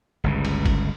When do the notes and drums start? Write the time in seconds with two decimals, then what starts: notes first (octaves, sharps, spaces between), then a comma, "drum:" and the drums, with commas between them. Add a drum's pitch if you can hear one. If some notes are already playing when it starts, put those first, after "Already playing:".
0.24 G1 C#2 C#3
0.45 drum: cymbal
0.66 drum: kick G1, cymbal